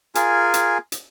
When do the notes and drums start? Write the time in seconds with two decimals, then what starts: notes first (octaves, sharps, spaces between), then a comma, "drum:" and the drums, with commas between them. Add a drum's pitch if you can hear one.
0.15 F4 G#4 A#4 G#5, drum: hi-hat
0.54 drum: hi-hat
0.92 drum: hi-hat